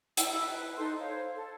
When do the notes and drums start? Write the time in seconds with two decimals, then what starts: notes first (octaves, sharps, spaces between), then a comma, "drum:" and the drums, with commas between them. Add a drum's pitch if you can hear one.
0.17 E4 E6, drum: hi-hat
0.38 B4
0.76 D#4 A4 C5 C6
0.99 C5 C#5 F5
1.35 A4